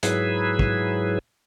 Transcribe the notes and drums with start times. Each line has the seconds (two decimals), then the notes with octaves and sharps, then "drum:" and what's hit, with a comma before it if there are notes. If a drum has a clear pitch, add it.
0.03 G#2 F#3 E4 G#4 B4, drum: hi-hat
0.59 drum: kick